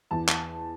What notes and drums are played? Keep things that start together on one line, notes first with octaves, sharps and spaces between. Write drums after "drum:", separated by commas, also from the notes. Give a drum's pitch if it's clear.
E2 A5
drum: clap